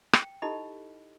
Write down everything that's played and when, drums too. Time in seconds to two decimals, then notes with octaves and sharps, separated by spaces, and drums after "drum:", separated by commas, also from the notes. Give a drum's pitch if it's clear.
0.13 G5, drum: rim click
0.42 D#4 E4 G4 A4 D#5 B5